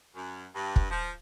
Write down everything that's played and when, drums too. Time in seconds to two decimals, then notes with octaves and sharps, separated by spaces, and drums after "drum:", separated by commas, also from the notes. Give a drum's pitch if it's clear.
0.16 F#2
0.55 G2
0.76 drum: kick
0.91 F3